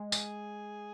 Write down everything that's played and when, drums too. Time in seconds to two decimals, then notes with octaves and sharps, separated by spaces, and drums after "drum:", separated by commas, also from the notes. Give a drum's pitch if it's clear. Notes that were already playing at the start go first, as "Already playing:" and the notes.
Already playing: G#3
0.12 G#4, drum: tambourine